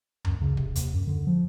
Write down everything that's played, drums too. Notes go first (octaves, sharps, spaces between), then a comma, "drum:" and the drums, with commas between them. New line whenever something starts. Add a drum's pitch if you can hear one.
F#2, drum: tom D2
C#3
C3, drum: kick
D#2, drum: hi-hat
F#2
D3
F3